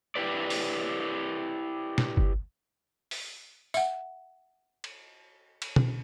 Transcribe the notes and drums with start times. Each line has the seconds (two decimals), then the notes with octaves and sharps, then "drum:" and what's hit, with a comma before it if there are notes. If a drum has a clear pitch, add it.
0.15 E4 G4 B4 D5
0.50 drum: open hi-hat
1.98 drum: snare
2.17 drum: kick G1
3.11 drum: open hi-hat
3.74 E5 F#5, drum: tambourine
4.84 drum: cymbal
5.62 drum: cymbal
5.76 drum: tom B2